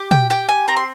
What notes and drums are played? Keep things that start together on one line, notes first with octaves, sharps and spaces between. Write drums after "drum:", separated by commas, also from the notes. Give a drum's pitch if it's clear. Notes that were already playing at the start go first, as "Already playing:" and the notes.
Already playing: G4
G5, drum: tom
G4 G5
G#5
C4 A#5
C6